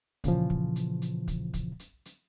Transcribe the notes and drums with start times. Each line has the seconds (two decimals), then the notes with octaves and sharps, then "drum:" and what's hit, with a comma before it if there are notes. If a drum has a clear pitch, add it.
0.24 A#2 C#3 E3 F3, drum: kick, hi-hat
0.50 drum: kick
0.76 drum: hi-hat
1.02 drum: hi-hat
1.28 drum: kick, hi-hat
1.54 drum: kick, hi-hat
1.80 drum: hi-hat
2.05 drum: hi-hat